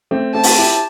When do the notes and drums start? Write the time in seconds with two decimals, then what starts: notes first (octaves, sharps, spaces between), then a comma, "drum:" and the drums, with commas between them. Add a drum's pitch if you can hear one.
0.11 A3 C4
0.34 A3 C4 A5
0.43 drum: open hi-hat
0.58 E4 G4